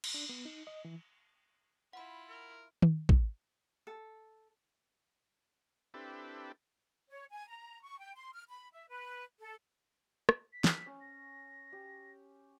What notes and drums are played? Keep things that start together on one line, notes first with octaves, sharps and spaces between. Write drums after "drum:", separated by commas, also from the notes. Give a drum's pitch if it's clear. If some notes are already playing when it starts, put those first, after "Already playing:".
drum: cymbal
D4
B3
D#4
D#5
E3
E4 F4 F#5 B5
A#4
drum: tom D#3
drum: kick
A4
C4 D4 E4 G4 A4 B4
C#5
G#5
A#5
C#6
G5
C6
F6
B5
E5
B4
A4
drum: rim click
B6
drum: snare
C#4
A#6
G4